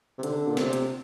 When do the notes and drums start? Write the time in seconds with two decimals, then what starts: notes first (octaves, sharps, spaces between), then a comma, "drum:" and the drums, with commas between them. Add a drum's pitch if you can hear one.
0.18 C3
0.23 D3, drum: hi-hat
0.47 A#2
0.57 C3, drum: snare
0.73 drum: hi-hat